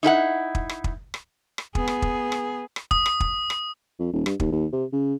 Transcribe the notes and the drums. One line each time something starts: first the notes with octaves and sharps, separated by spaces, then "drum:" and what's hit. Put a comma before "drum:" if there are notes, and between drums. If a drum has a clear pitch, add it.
D#4 E4 A4 F#5
drum: kick
drum: rim click
drum: kick
drum: rim click
drum: rim click
B3 G#4, drum: kick
drum: rim click
drum: kick
drum: rim click
drum: rim click
D#6, drum: kick
drum: rim click
drum: kick
drum: rim click
F2
D#1
G2, drum: rim click
D#2, drum: kick
D#2
C3
C#3